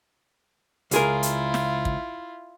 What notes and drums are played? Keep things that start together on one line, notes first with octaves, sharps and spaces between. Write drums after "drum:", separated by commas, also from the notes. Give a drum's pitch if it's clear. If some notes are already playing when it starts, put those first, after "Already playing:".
C#2 E4 F4 G#4 A#4, drum: hi-hat
drum: hi-hat
drum: snare
drum: kick